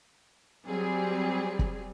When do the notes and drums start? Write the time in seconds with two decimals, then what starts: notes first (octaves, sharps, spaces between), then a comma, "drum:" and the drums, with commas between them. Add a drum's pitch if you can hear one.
0.67 F#3 G3 C4 G#4
1.59 drum: kick